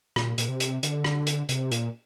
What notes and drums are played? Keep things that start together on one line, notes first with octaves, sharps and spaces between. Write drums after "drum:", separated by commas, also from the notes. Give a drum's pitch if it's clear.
A#2, drum: rim click
A#2, drum: hi-hat
C3
drum: hi-hat
D3, drum: hi-hat
drum: rim click
drum: hi-hat
C3, drum: hi-hat
A#2, drum: hi-hat